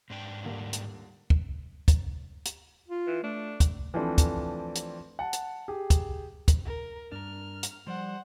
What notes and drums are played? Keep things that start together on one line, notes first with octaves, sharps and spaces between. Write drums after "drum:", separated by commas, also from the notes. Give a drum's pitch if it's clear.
G#2 D4 G5
D#1 D3 A#3
drum: hi-hat
drum: kick
drum: kick, hi-hat
drum: hi-hat
F4
E3
A3 D4
drum: kick, hi-hat
E3 F3 A3 C4 D4
drum: kick, hi-hat
drum: hi-hat
F#5 A5
drum: hi-hat
G4 G#4
drum: kick, hi-hat
drum: kick, hi-hat
A#4
G2 D4 A#4 F6
drum: hi-hat
F3 G3 C5 D5 F#5